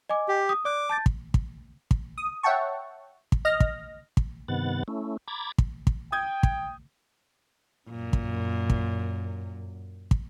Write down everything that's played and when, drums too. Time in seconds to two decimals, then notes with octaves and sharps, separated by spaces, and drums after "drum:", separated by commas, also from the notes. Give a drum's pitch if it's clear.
0.10 D#5 G#5 D6
0.28 G4
0.49 D#6
0.65 D5 D6 F#6
0.90 A5 G6 A6
1.06 drum: kick
1.34 drum: kick
1.91 drum: kick
2.18 D#6
2.43 C#5 E5 F#5 G5 A5 C#6
3.32 drum: kick
3.45 D#5 F6 A#6
3.60 drum: kick
4.17 drum: kick
4.48 G2 C3 D#3 B3 F#5 A6
4.88 A3 C#4 E4
5.28 A#5 B5 D6 G#6 A6
5.58 drum: kick
5.87 drum: kick
6.12 G5 D#6 G6 G#6
6.43 drum: kick
7.88 F#2 A#2
8.13 drum: kick
8.70 drum: kick
10.11 drum: kick